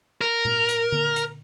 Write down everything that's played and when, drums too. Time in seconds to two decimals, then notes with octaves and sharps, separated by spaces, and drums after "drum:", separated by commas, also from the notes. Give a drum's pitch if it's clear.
0.21 A#4
0.45 drum: tom A#2
0.69 drum: hi-hat
0.92 drum: tom D3
1.16 drum: hi-hat